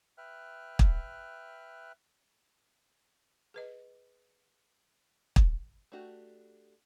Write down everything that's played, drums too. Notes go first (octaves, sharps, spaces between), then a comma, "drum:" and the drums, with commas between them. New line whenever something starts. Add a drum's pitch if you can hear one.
B4 E5 G5 F6 F#6
drum: kick
G#4 B4 D#5
drum: kick
A3 D4 F#4 G4